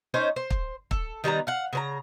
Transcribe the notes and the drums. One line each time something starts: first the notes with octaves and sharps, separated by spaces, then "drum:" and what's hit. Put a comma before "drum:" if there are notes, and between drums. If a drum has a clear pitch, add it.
C#4 D#4 C5 C#5
C5
drum: kick
A4, drum: kick
D#3 G3 B3 A#5
F5 F#5
C#3 B4 A#5